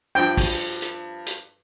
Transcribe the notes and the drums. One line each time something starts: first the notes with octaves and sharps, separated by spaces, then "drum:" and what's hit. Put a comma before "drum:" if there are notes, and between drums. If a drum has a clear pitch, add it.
G2 F3 G5
drum: kick, open hi-hat
drum: hi-hat
drum: hi-hat